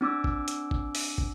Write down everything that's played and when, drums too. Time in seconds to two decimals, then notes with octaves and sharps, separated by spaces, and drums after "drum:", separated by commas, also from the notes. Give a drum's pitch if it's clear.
0.01 C4 D4 D6 E6
0.24 drum: kick
0.48 drum: hi-hat
0.71 drum: kick
0.95 drum: open hi-hat
1.18 drum: kick